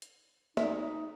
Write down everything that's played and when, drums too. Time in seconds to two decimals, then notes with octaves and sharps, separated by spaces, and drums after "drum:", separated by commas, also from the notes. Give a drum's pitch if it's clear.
0.02 drum: hi-hat
0.57 D#4 E5, drum: snare